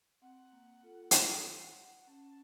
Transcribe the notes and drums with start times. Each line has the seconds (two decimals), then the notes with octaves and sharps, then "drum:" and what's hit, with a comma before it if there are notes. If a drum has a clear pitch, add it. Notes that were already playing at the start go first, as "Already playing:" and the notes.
0.22 C4 F#5
0.52 A#3
0.83 F4 A4
1.11 drum: hi-hat
1.45 F#5
2.07 C#4 A5